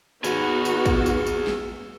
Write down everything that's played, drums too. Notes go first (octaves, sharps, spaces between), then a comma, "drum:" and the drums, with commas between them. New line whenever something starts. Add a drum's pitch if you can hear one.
B3 D#4 F#4 G#4 B4, drum: tambourine
drum: tambourine
drum: kick, tambourine
drum: tambourine
drum: tambourine
drum: snare